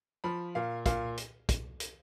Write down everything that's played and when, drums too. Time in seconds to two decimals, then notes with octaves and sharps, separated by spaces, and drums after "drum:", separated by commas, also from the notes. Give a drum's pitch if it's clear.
0.24 F3 B5
0.55 A#2 F5
0.86 A#2 F5, drum: kick, hi-hat
1.17 drum: hi-hat
1.49 drum: kick, hi-hat
1.80 drum: hi-hat